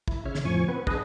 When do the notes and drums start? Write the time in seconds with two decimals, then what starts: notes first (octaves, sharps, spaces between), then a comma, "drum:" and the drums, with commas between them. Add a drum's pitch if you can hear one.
0.08 E4, drum: kick
0.25 C#3 C#5 E5 F6
0.35 drum: snare
0.45 F2 A2 F3 G#5 C#6
0.68 B3 C4 B4
0.87 B3 D4 G#4 B4 D#5, drum: kick